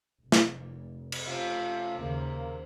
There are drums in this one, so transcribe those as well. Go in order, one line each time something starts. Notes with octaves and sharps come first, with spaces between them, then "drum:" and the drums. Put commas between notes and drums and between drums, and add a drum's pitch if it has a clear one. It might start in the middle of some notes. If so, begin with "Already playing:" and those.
F1
drum: snare
drum: cymbal
C3 A3 C#4 F4
D#2 C#3 A#3